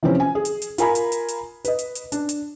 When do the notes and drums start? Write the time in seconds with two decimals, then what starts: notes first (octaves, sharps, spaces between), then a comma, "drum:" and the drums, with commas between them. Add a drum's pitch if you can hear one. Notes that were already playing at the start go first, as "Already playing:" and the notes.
0.03 C3 E3 F3 C4 C#4
0.20 G#5
0.35 G#4
0.45 drum: hi-hat
0.62 drum: hi-hat
0.78 F4 A#4 G#5 A#5 B5, drum: hi-hat
0.95 drum: hi-hat
1.12 drum: hi-hat
1.28 drum: hi-hat
1.65 B4 D#5, drum: hi-hat
1.79 drum: hi-hat
1.95 drum: hi-hat
2.12 D4, drum: hi-hat
2.29 drum: hi-hat